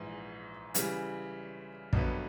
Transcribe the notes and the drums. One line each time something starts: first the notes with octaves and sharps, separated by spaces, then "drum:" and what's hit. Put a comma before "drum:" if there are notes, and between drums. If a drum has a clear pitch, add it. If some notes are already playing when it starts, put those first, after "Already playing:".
Already playing: A#1 G#2 E3
C#3 E3 G3, drum: hi-hat
G#1 G2 D3 F#3 B3, drum: kick